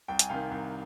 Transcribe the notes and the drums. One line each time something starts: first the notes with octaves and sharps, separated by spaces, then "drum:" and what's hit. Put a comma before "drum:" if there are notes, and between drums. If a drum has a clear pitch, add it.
C2 G5
G#5, drum: hi-hat
C3 D#3 F5 G5
C2